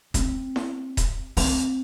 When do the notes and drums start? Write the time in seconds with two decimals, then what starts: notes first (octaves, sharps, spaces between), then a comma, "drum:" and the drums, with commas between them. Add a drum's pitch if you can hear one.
0.14 C4, drum: kick D#1, hi-hat
0.56 drum: snare E4
0.97 drum: kick D#1, hi-hat
1.37 C4, drum: open hi-hat